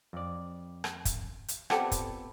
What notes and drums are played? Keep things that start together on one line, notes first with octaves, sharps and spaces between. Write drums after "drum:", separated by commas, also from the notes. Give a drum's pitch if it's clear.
F2 D5
drum: rim click
drum: kick, hi-hat
drum: hi-hat
B3 C4 F4 G4 A4 D5, drum: rim click
drum: kick, hi-hat